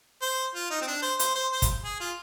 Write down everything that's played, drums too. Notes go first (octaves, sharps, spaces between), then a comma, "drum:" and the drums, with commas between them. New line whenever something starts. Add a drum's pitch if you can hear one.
C5
F4
D#4
C4
D4
C5
C5, drum: hi-hat
C5
C5
drum: kick, hi-hat
G#4
F4